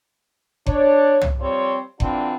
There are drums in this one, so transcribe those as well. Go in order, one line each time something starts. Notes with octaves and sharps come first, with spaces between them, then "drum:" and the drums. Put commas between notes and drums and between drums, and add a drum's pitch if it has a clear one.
D4 C#5, drum: kick F#1
drum: tom
F3 G3 C4 C5 C#5
D3 E3 C4 D4 F4, drum: kick F#1